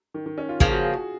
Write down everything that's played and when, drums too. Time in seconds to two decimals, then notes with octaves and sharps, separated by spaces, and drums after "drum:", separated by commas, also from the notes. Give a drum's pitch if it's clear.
0.14 D#3
0.26 D#3
0.38 C#4
0.49 F4
0.60 C#3 F3 A#3 F4, drum: kick
0.72 F#4
0.84 G#4